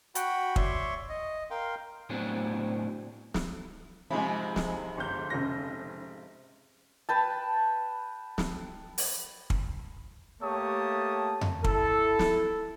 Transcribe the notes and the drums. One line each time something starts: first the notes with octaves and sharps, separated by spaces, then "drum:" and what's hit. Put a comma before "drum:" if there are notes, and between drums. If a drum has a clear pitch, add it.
F#4 F#5 G5 B5, drum: hi-hat
C#5 D5 E5 C6 C#6, drum: kick
D#5
A#4 F5 G5 C6
A2 F#3 B3 C4 D4 G#4
drum: snare
G#2 C3 F3 G#3 G#4 B5
drum: snare
G1 G6
F1 C#3 A#6
B4 G5 A5
drum: snare
drum: open hi-hat
drum: kick
A3 A#3 G4 C#5 A5 D#6
drum: tom F2
E4 A4, drum: kick
drum: snare